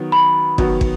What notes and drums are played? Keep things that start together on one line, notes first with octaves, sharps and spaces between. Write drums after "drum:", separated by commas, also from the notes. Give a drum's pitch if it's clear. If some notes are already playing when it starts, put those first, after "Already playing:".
Already playing: D#3 F#3 B3 F#4
B5
D#3 F#3 B3 F#4, drum: kick
drum: kick